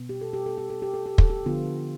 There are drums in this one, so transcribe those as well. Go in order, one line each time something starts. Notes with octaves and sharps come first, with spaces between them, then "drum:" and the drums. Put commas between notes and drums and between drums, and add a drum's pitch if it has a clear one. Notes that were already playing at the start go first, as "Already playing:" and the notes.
Already playing: B2 B3
G4
A4
G4
A4
G4
A4
G4
A4
G4
A4, drum: kick
G4
D3 F3 B3 F4